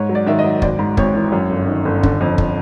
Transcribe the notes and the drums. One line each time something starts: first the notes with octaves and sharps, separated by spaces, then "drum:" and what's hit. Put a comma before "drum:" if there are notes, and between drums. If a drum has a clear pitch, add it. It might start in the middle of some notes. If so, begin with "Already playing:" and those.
Already playing: G#2 C#5
F#3
D5
D#3 E5
D#5
F#3
G#1 D5, drum: kick
G#2
G#1 C#5, drum: kick
E3
F#2
G1
D#3
G1
D3, drum: kick
F2
drum: kick